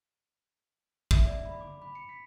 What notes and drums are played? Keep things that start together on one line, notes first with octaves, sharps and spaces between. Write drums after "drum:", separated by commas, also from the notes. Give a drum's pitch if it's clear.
E5, drum: kick
D5
B5
D6
B5
C#7
B6